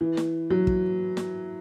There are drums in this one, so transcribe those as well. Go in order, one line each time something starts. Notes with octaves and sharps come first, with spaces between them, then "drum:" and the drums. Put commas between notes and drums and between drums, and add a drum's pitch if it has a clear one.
E3
drum: snare
F#3
drum: kick
drum: snare